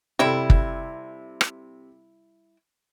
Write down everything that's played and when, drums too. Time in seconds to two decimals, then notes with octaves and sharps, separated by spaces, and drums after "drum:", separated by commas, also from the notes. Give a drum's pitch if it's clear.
0.19 C3 G3 E4 A4 E5
0.50 drum: kick
1.41 drum: rim click